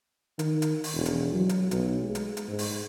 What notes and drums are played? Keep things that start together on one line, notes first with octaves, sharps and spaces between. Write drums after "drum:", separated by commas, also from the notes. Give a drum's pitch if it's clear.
D#3, drum: hi-hat
drum: hi-hat
drum: open hi-hat
E1
drum: hi-hat
F#3
drum: hi-hat
B1, drum: hi-hat
G#3
drum: hi-hat
drum: hi-hat
G#2
drum: open hi-hat